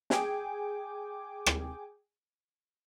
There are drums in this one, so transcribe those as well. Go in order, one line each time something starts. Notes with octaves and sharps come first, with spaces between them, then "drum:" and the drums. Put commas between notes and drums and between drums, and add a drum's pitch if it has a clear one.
G#4 G5 G#5 D6, drum: snare
drum: rim click